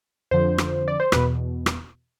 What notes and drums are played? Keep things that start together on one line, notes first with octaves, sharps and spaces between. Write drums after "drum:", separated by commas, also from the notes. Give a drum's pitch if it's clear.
F2 D3 F3 C5
drum: rim click
D5
C5
E2 B2 B4, drum: rim click
drum: rim click